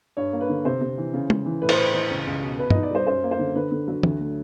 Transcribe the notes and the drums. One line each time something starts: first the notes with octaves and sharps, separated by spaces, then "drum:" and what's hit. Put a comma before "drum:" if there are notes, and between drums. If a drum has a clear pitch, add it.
G2 C#5
A#3
B4
D3
C3 C5
C3
E3
C#3
C#3, drum: tom
E3
A2 B4
C5, drum: cymbal
A2 B4
E3
C#2
C#2
B2
B2 B4
D#4 D#5, drum: tom G2
D5
G3 C5
F#2 C5
A#3
C5
D3
D3 B4
D3
F#3
D2, drum: tom
A3